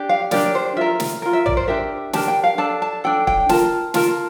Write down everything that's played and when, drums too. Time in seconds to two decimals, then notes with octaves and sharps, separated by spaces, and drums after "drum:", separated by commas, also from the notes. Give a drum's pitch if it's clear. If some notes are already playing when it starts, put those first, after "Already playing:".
Already playing: D4 G4
0.09 F5
0.31 D4 G4 A#4 D5, drum: snare
0.55 C5
0.77 F4 A#4 E5
1.00 drum: snare
1.22 F4 A#4
1.33 E5
1.46 D5, drum: tom
1.57 C5
1.67 D4 G4 A#4 E5
2.13 D4 G4 A#4 A5, drum: snare
2.28 G5
2.44 F5
2.58 D4 A4 A5
2.82 A5
3.04 D4 A4 G5
3.27 G5, drum: kick
3.49 F4 A#4 A5, drum: snare
3.94 F4 A#4 A5, drum: snare